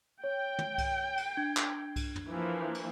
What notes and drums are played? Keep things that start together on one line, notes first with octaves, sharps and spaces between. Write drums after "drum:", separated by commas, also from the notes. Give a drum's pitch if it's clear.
C#5 G5
drum: tom
drum: kick C2, cymbal
drum: cymbal
D4 G#6
drum: clap
drum: kick C2, cymbal
drum: tom
E3 F3 A#3
drum: cymbal